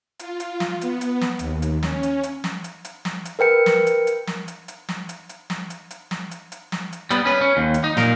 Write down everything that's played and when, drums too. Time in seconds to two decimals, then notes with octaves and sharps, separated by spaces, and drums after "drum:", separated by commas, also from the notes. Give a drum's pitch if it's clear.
0.19 F4, drum: hi-hat
0.40 drum: hi-hat
0.60 drum: snare
0.81 B3, drum: hi-hat
1.01 drum: hi-hat
1.21 drum: snare
1.39 D#2, drum: hi-hat
1.62 drum: hi-hat
1.83 C#4, drum: snare
2.03 drum: hi-hat
2.23 drum: hi-hat
2.44 drum: snare
2.64 drum: hi-hat
2.85 drum: hi-hat
3.05 drum: snare
3.25 drum: hi-hat
3.39 A#4 B4 G5 C#7
3.66 drum: snare
3.87 drum: hi-hat
4.07 drum: hi-hat
4.27 drum: snare
4.48 drum: hi-hat
4.68 drum: hi-hat
4.89 drum: snare
5.09 drum: hi-hat
5.29 drum: hi-hat
5.50 drum: snare
5.70 drum: hi-hat
5.91 drum: hi-hat
6.11 drum: snare
6.31 drum: hi-hat
6.52 drum: hi-hat
6.72 drum: snare
6.93 drum: hi-hat
7.11 G3 B3, drum: hi-hat
7.25 C#4 B4
7.41 C#4
7.57 D#2
7.74 drum: hi-hat
7.84 D#4
7.97 A#2 A#4, drum: snare